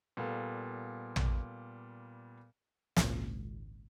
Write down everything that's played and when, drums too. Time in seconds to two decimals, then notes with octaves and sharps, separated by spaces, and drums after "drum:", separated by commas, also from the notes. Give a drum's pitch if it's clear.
0.17 A#2 G3 B3 A4 F5
1.16 drum: tom
2.96 G#1 C#2 A#2, drum: snare